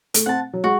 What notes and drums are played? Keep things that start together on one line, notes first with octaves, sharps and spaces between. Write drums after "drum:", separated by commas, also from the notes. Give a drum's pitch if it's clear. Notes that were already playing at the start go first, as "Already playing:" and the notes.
A3, drum: hi-hat
C4 F#5 A5
F#3
G#3 F#4